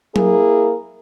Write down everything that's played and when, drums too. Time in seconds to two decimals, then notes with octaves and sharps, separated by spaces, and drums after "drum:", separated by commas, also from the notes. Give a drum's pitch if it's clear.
0.16 A#3 E4 G#4 A#4, drum: tom F#3